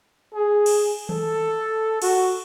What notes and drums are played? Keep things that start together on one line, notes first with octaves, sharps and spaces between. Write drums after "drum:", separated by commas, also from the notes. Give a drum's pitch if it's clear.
G#4
drum: cymbal
A4, drum: tom D#3
F#4, drum: cymbal